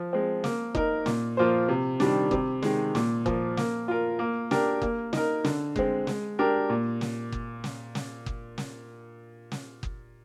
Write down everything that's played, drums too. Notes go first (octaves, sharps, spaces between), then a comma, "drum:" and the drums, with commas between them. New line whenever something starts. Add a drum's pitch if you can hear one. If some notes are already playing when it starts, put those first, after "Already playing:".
Already playing: F3
G#3 C4
A#3, drum: snare
D#4 A#4, drum: kick F#1
A#2, drum: snare
F3 A#3 F4 C5
C3
D#3 G3 D4, drum: snare
C3, drum: kick F#1
D#3 G#3, drum: snare
A#2, drum: snare
F3 A#3, drum: kick F#1
A#3, drum: snare
F4 A#4
A#3
D4 G4 A#4, drum: snare
A#3, drum: kick F#1
D#4 A#4, drum: snare
D3, drum: snare
G#3 C4, drum: kick F#1
G#3, drum: snare
D4 G4 A#4
A#2
drum: snare
drum: kick F#1
drum: snare
drum: snare
drum: kick F#1
drum: snare
drum: snare
drum: kick F#1